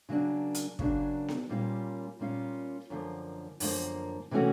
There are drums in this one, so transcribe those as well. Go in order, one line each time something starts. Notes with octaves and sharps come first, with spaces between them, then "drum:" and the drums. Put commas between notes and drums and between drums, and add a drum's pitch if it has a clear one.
C#3 F#3 A#3 D4
drum: hi-hat
C#3 F#3 A#3 D4, drum: kick
drum: snare B3
A#2 G3 A#3 C#4 F4
A#2 G3 A#3 C#4 F4
F#2 D3 F3 A#3
F#2 D3 F3 A#3, drum: open hi-hat
C3 E3 A3 C#4 F#4